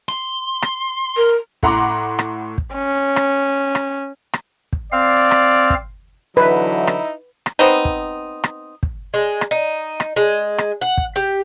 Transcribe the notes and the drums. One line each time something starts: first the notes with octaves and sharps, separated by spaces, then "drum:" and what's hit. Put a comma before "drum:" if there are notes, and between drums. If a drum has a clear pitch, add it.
C6
drum: rim click
A#4
A2 F#5 A#5 C6 D6, drum: kick
drum: rim click
drum: kick
C#4
drum: rim click
drum: rim click
drum: rim click
drum: kick
C4 D5 F5
drum: rim click
drum: kick
D3 E3 F#3 D#4 E4 B4
drum: rim click
drum: rim click
B3 C4 D#4
drum: kick
drum: rim click
drum: kick
G#3
drum: rim click
D#4
drum: rim click
G#3
drum: rim click
F#5
drum: kick
G4